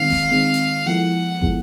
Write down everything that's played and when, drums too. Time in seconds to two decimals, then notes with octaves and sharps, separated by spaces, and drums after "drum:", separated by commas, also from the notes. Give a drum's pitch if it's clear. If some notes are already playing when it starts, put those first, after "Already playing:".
Already playing: D#3 G#3 C4 D#4 F5
0.10 drum: snare E1
0.31 D#3 G#3 C4 D#4
0.54 drum: hi-hat
0.86 F3 G#3 B3 E4 A4 F#5
1.41 F3 G#3 B3 E4 A4, drum: kick